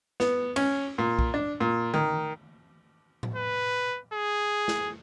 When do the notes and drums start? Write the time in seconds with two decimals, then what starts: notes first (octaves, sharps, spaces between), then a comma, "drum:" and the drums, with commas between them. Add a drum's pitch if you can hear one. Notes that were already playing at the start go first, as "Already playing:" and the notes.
0.20 B3, drum: snare
0.56 C#4, drum: cymbal
0.98 A#2
1.19 drum: kick B1
1.34 D4
1.60 A#2
1.94 D#3, drum: tom D3
3.23 drum: tom A2
3.36 B4
4.14 G#4
4.68 drum: snare